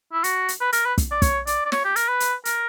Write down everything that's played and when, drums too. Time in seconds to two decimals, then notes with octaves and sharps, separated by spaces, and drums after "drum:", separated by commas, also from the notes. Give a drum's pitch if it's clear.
0.13 E4
0.24 F#4, drum: hi-hat
0.48 drum: hi-hat
0.61 B4
0.73 A#4, drum: hi-hat
0.85 B4
0.98 drum: kick, hi-hat
1.11 D5
1.22 C#5, drum: kick, hi-hat
1.47 D5, drum: hi-hat
1.65 D5
1.72 C#5, drum: snare
1.85 G4
1.96 A#4, drum: hi-hat
2.08 B4
2.20 drum: hi-hat
2.45 A#4, drum: hi-hat